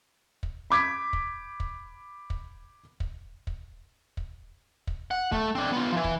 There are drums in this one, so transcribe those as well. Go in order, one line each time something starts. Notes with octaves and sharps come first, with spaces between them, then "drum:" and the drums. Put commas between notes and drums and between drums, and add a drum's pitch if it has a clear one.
drum: kick
B5 D6 G#6 B6
drum: kick
drum: kick
drum: kick
drum: kick
drum: kick
drum: kick
drum: kick
F#5
A3, drum: kick
C4 D4
B3 F4
E3 F3
drum: kick